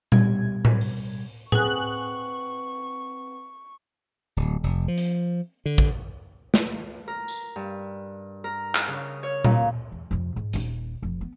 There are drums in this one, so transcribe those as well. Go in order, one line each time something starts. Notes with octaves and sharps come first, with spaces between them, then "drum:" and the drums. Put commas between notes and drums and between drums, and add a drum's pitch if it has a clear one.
B2 G3 G#6, drum: tom A#2
drum: tom A2
drum: open hi-hat
C4 G#4 B4 F#5 C#6 F#6, drum: tom A2
D1
F1
F3
drum: hi-hat
D3
drum: kick
drum: snare
A#4
drum: tambourine
G2
A#4
drum: clap
C#3
C#5
A#2, drum: tom A#2
E2
F2 C3
G#2
D#1 D#4, drum: hi-hat
F1 F2
B3